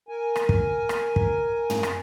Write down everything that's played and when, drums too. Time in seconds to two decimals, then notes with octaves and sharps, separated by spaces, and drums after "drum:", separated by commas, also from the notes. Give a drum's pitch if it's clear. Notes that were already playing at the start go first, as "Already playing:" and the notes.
0.09 A#4 G#5
0.36 drum: rim click
0.49 drum: kick
0.89 drum: rim click
1.16 drum: kick
1.70 drum: tom
1.83 drum: rim click